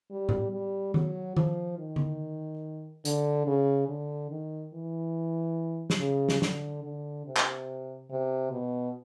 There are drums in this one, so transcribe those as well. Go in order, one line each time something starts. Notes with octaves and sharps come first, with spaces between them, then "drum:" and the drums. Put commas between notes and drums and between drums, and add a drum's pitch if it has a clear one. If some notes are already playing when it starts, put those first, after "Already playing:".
G3
drum: tom A2
G3
F#3, drum: tom D#3
F3, drum: tom D#3
D#3
drum: tom D3
D3, drum: hi-hat
C#3
D3
D#3
E3
drum: snare
C#3
drum: snare
D3, drum: snare
D3
C3
drum: clap
C3
B2